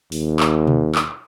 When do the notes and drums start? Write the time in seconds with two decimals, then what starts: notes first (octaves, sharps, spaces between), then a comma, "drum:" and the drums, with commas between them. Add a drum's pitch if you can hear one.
0.12 D#2, drum: open hi-hat
0.40 drum: clap
0.67 drum: tom B2
0.95 drum: clap